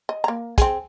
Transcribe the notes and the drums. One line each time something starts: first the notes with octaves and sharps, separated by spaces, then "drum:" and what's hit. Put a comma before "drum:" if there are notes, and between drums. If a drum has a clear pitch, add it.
D#5
A#3 A#5
C4 G#4, drum: kick, hi-hat